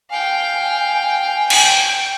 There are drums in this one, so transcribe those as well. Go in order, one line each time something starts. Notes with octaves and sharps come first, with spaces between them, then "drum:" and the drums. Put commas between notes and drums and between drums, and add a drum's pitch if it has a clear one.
F5 G5 G#5
G5, drum: cymbal